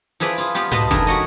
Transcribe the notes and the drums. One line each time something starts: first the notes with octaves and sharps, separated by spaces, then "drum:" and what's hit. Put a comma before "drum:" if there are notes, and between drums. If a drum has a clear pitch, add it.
F3 E4 G#4 B4 D5
F4 G#4
G3 B3 F4 G4
B2 B3 B4 D#5 A5, drum: tom G#2
D#3 A3 D4 G#4 A#4, drum: kick F1
G3 F#4 C#5 D#5